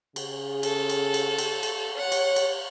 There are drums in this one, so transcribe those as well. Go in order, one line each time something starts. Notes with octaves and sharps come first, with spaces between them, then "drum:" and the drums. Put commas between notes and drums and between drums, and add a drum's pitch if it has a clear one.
C#3 G#4, drum: cymbal
A4, drum: cymbal
drum: cymbal
drum: cymbal
drum: cymbal
drum: cymbal
C#5 F#5
drum: cymbal
drum: cymbal